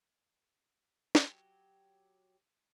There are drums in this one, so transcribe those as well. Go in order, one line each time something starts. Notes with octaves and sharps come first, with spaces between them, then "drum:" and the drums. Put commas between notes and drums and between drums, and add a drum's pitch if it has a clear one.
F#3 G4, drum: snare